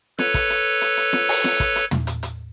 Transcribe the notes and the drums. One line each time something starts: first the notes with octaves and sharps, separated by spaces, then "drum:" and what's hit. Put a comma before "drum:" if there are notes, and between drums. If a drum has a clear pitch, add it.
A4 B4 C#5, drum: snare
drum: kick, hi-hat
drum: hi-hat
drum: hi-hat
drum: hi-hat
drum: snare
drum: open hi-hat
drum: snare
drum: kick, hi-hat
drum: hi-hat
drum: tom
drum: hi-hat
drum: hi-hat